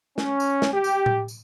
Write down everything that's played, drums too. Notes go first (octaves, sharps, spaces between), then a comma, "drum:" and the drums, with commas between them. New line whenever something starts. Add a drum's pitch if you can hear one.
C#4, drum: snare
drum: tambourine
drum: snare
G4
drum: tambourine
drum: tom A2
drum: tambourine